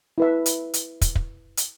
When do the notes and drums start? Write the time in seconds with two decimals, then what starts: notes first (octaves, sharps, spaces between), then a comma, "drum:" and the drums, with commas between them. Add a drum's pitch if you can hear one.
0.18 E4 B4 E5
0.46 drum: hi-hat
0.74 drum: hi-hat
1.01 drum: kick, hi-hat
1.15 drum: kick
1.57 drum: hi-hat